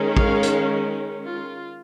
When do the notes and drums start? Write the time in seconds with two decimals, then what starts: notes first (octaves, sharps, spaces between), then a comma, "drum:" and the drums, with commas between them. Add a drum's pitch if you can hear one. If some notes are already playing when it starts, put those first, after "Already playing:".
Already playing: D#3 G#3 C#4
0.17 C#5 F5, drum: kick
0.43 drum: hi-hat
1.24 F4